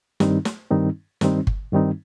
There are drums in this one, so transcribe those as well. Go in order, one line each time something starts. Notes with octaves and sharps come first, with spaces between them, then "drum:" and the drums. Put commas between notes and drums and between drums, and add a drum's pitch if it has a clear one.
G2 D#3 G3 C4 D#4, drum: snare
drum: snare
G2 D#3 G3 C4 D#4
G2 D#3 G3 C4 D#4, drum: snare
drum: kick G1
G2 D#3 G3 C4 D#4